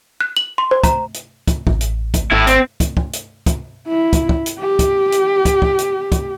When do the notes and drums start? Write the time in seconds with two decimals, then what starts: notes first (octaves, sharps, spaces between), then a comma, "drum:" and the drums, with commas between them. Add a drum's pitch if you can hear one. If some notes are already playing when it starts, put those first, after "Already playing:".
0.20 F#6
0.37 F#7
0.58 C6
0.71 C5
0.84 A#5, drum: kick, hi-hat
1.14 drum: hi-hat
1.48 drum: kick, hi-hat
1.67 A1, drum: kick
1.81 drum: hi-hat
2.14 drum: kick, hi-hat
2.32 G#1 A2 E4
2.47 C4, drum: hi-hat
2.80 drum: kick, hi-hat
2.97 drum: kick
3.13 drum: hi-hat
3.46 drum: kick, hi-hat
3.88 E4
4.13 drum: kick, hi-hat
4.29 drum: kick
4.46 drum: hi-hat
4.59 G4
4.79 drum: kick, hi-hat
5.12 drum: hi-hat
5.45 drum: kick, hi-hat
5.62 drum: kick
5.79 drum: hi-hat
6.12 drum: kick, hi-hat